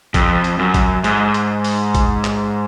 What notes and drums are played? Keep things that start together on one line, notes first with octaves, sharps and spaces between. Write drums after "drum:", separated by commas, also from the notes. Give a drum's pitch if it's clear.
F2, drum: kick A1, hi-hat
drum: hi-hat
F#2
drum: kick A1, hi-hat
G#2, drum: hi-hat
drum: hi-hat
drum: open hi-hat
drum: kick A1, hi-hat
drum: clap